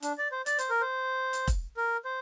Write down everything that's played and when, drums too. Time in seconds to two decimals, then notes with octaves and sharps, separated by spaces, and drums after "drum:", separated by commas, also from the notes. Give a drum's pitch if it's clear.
0.02 D4, drum: hi-hat
0.18 D5
0.32 C5
0.46 D5, drum: hi-hat
0.59 C5, drum: hi-hat
0.70 A#4
0.81 C5
1.33 drum: hi-hat
1.48 drum: kick, hi-hat
1.77 A#4
2.05 C5